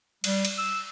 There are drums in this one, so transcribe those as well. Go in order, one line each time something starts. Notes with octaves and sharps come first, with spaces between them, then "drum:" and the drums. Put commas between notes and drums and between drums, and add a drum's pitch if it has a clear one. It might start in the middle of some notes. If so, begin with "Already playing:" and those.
G3, drum: cymbal
drum: cymbal
E6